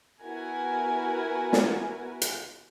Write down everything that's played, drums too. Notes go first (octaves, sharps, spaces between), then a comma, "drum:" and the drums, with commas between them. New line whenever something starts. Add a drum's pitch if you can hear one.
B3 E4 F#4 A#4 G#5
drum: snare
drum: hi-hat